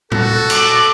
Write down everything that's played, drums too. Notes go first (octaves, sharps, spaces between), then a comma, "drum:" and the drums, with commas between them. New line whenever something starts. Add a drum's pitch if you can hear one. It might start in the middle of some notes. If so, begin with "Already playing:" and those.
F#4 A4, drum: tom
D6 F#6, drum: cymbal